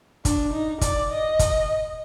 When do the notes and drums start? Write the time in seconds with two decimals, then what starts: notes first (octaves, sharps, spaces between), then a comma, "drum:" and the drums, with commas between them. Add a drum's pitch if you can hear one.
0.25 D4, drum: kick, hi-hat
0.53 D#4
0.81 D5, drum: kick, hi-hat
1.11 D#5
1.39 drum: kick, hi-hat